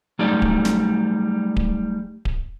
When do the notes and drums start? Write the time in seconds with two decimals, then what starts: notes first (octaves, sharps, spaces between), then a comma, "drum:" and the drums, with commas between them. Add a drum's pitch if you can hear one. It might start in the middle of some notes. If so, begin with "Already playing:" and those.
0.19 F#3 G3 A3 D#4 D5
0.42 drum: kick D1
0.65 drum: snare
1.57 drum: kick D1
2.25 drum: kick D1